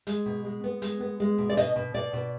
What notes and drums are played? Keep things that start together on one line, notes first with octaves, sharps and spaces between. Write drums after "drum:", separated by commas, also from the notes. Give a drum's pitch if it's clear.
G#3, drum: hi-hat
B2
G#3
B3
G#3, drum: hi-hat
B3
G#3
B2
D5
B2 D#5, drum: hi-hat
B2
B2 D5
B2